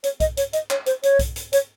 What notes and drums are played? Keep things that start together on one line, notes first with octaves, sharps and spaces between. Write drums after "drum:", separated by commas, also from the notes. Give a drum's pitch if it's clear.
C#5, drum: hi-hat
D#5, drum: kick B1, hi-hat
C#5, drum: hi-hat
D#5, drum: hi-hat
C#5, drum: clap
C5, drum: hi-hat
C#5, drum: hi-hat
drum: kick B1, hi-hat
drum: hi-hat
C#5, drum: hi-hat